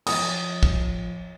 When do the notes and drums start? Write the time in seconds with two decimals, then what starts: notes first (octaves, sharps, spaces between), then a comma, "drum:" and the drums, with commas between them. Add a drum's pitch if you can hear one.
0.07 F3 C#5 D#6, drum: cymbal
0.63 drum: kick